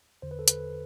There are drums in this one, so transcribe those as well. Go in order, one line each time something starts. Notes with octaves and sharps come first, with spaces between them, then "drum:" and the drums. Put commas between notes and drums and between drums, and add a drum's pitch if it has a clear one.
E2 D3 C5
B4
A4
B4, drum: hi-hat